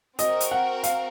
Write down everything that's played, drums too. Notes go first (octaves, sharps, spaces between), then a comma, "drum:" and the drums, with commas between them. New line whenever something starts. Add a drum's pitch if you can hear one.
C4 F#4 A#4 D#5, drum: hi-hat
drum: hi-hat
F#5
F5, drum: hi-hat